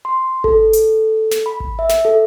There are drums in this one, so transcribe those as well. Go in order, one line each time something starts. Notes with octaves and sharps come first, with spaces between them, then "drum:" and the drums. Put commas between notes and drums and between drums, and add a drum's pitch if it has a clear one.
C6
A4, drum: kick G#1
drum: hi-hat
drum: snare
B5
drum: kick G#1
E5
drum: snare
A4